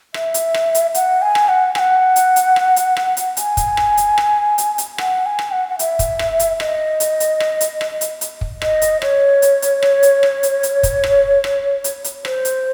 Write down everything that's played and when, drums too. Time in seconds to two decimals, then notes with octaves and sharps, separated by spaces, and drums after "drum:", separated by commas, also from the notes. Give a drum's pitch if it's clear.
0.14 E5, drum: rim click
0.34 drum: hi-hat
0.54 drum: rim click
0.75 drum: hi-hat
0.95 F#5, drum: hi-hat
1.22 G#5
1.35 drum: rim click
1.49 F#5
1.75 G#5, drum: rim click
1.79 F#5
2.16 drum: hi-hat
2.36 drum: hi-hat
2.56 drum: rim click
2.76 drum: hi-hat
2.97 drum: rim click
3.17 drum: hi-hat
3.37 G#5, drum: hi-hat
3.57 drum: kick, hi-hat
3.77 drum: rim click
3.97 drum: hi-hat
4.18 drum: rim click
4.58 drum: hi-hat
4.78 drum: hi-hat
4.98 F#5, drum: rim click
5.26 G#5
5.39 drum: rim click
5.51 F#5
5.68 F#5
5.79 E5, drum: hi-hat
5.99 drum: kick, hi-hat
6.19 drum: rim click
6.40 drum: hi-hat
6.60 D#5, drum: rim click
7.00 drum: hi-hat
7.20 drum: hi-hat
7.40 drum: rim click
7.61 drum: hi-hat
7.81 drum: rim click
8.01 drum: hi-hat
8.21 drum: hi-hat
8.41 drum: kick
8.62 D#5, drum: rim click
8.82 drum: hi-hat
9.02 C#5, drum: rim click
9.42 drum: hi-hat
9.62 drum: hi-hat
9.82 drum: rim click
10.03 drum: hi-hat
10.23 drum: rim click
10.43 drum: hi-hat
10.63 drum: hi-hat
10.83 drum: kick, hi-hat
11.04 drum: rim click
11.44 drum: rim click
11.84 drum: hi-hat
12.04 drum: hi-hat
12.25 C5, drum: rim click
12.45 drum: hi-hat